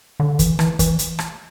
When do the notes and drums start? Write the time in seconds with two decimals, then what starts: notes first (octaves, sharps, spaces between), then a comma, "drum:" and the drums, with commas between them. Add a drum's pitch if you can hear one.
0.20 D3
0.39 E3, drum: kick, hi-hat
0.59 E3, drum: rim click
0.79 E3, drum: kick, hi-hat
0.99 drum: hi-hat
1.19 drum: rim click